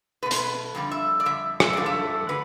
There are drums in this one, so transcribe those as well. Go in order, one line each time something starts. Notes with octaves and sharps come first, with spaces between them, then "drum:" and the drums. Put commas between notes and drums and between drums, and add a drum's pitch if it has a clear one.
B2 A3 B4
C5, drum: hi-hat
B4
F2 D3 G3
E5
D5
F2 D3 G3 E5
E5, drum: rim click
G2 D3 F3 A3 D5
E5
D3 B4